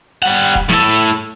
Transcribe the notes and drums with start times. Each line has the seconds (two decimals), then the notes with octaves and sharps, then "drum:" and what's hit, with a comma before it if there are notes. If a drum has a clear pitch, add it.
0.22 G3 F#5
0.55 drum: kick D#1
0.69 A2 A4, drum: snare